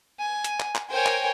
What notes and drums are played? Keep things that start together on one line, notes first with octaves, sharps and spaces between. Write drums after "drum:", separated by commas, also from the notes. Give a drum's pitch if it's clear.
G#5
drum: hi-hat
drum: clap
drum: clap
A#4 C5 C#5 G5 G#5
drum: clap